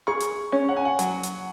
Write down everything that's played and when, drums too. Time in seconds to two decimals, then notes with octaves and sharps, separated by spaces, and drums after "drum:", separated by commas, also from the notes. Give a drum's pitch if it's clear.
0.07 G#4 C#6
0.20 drum: hi-hat
0.52 C#4
0.69 F#5
0.77 G#5
0.85 F#5
0.99 F#3, drum: hi-hat
1.23 drum: hi-hat